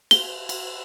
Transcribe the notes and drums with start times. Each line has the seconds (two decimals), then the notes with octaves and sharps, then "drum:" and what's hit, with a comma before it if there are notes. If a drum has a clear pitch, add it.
0.11 G7, drum: cymbal
0.49 drum: cymbal